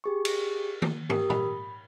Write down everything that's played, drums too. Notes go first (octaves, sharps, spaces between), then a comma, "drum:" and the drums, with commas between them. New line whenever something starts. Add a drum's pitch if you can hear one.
G4 G#4 C#6
drum: cymbal
drum: tom D#3
G4 A#4 D#6, drum: tom
B5, drum: tom